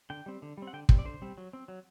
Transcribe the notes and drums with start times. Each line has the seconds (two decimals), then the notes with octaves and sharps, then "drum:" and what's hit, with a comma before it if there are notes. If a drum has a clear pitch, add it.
0.10 D3 G5
0.26 G3 C4
0.42 D3
0.57 G3 C4
0.67 F#5
0.73 D3 G5
0.89 G3 C4 G5, drum: kick
0.99 D5
1.05 D3 C5
1.22 G3 C4
1.38 F#3
1.53 C4
1.68 F#3